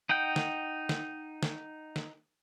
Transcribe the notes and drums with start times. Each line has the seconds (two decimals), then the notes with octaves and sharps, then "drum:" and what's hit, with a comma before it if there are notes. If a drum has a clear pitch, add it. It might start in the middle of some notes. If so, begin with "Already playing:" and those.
0.09 D#4 F#5 G5 G6
0.36 drum: snare
0.89 drum: snare
1.43 drum: snare
1.96 drum: snare